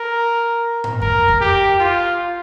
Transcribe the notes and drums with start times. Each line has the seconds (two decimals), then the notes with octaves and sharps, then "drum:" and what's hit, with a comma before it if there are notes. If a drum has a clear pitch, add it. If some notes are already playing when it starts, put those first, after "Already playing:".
Already playing: A#4
0.84 drum: tom G#2
1.01 A#4, drum: kick F2
1.28 drum: kick F2
1.41 G4
1.80 F4